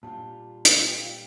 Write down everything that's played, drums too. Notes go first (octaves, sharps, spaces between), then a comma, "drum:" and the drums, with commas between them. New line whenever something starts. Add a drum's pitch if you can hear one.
A#2 G3 D4 F4 A5
drum: hi-hat
G5
F5
G5